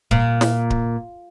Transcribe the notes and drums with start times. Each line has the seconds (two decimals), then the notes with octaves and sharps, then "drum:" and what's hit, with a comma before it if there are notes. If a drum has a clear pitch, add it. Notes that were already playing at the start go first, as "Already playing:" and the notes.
0.11 A#2, drum: kick D1
0.41 drum: snare
0.70 drum: kick D1